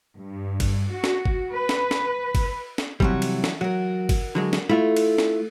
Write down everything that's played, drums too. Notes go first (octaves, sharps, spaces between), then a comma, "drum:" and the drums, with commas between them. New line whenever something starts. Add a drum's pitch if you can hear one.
G2
drum: kick, cymbal
F#4
drum: snare
drum: kick
B4
drum: snare
drum: snare
drum: kick, cymbal
drum: snare
C3 E3 F#3 G3 F#4, drum: kick
drum: cymbal
drum: snare
F#3 F#4 A#4
drum: kick, cymbal
D3 F#3 G#3
drum: snare
A3 E4 F4 E5
drum: cymbal
drum: snare